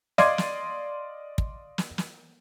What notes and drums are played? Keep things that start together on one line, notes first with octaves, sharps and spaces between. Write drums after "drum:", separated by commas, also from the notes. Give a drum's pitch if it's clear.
D5 D#5 F5 C6 D6 G#6, drum: snare
drum: snare
drum: kick
drum: snare
drum: snare